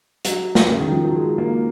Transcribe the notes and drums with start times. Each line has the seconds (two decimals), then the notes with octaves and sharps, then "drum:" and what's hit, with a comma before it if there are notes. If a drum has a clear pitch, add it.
0.25 F#3, drum: hi-hat
0.55 drum: snare
0.67 C#3
0.80 D#3
0.92 F3
1.04 F#3
1.15 G#3
1.38 A#3